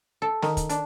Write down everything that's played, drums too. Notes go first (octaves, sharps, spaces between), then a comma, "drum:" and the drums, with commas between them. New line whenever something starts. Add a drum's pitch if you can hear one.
A4
D#3, drum: snare
drum: kick, hi-hat
D4, drum: hi-hat